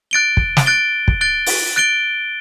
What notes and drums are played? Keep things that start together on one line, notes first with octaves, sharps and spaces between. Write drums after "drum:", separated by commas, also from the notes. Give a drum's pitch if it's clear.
F#6 A6 D7 G7
drum: kick
drum: snare
F#6 A6 D7 G7
drum: kick
F#6 A6 D7 G7
drum: open hi-hat
F#6 A6 D7 G7